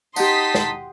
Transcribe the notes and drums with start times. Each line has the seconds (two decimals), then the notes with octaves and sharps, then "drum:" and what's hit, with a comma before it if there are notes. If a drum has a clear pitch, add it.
0.16 D#4 G4 F#5 A5 C6 D#6 B6, drum: tambourine
0.55 drum: snare